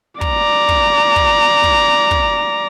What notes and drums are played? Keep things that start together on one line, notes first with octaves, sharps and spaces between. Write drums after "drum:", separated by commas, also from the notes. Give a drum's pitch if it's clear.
D5 A#5, drum: kick
drum: kick
drum: kick
drum: kick
drum: kick